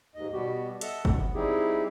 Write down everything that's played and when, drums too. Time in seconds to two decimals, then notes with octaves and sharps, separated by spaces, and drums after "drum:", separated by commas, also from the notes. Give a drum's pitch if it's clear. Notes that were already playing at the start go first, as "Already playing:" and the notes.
0.15 D#2 G#2 D#5
0.33 B2 G3 B3 F#4 G4
0.81 A4 D#5 E5 F#5 A5, drum: hi-hat
1.05 B3, drum: kick G1
1.34 G3 C4 D#4 E4 G4 G#4